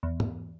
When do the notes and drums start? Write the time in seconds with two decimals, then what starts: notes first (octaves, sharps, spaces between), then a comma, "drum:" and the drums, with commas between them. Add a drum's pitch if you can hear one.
0.03 E2
0.20 drum: tom